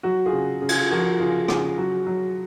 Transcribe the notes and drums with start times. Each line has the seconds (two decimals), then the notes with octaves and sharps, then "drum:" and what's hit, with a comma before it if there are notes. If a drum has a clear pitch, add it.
0.03 F#3 F#4
0.26 F4 G#4
0.32 C#3
0.62 C#3
0.69 F4 G#4, drum: cymbal
0.90 F3 F#4 A#4
1.20 C#3 F4 G#4
1.48 C#3 F4 G#4, drum: rim click
1.77 F#3 F#4
2.07 F#3